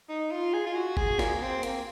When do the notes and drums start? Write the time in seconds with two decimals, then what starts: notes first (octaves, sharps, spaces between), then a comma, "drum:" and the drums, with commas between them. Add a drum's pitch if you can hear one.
0.09 D#4
0.31 F4
0.53 G#4
0.67 F4
0.75 F#4
0.97 G#4, drum: kick G1
1.19 A#3, drum: snare
1.42 C4
1.63 A#3, drum: hi-hat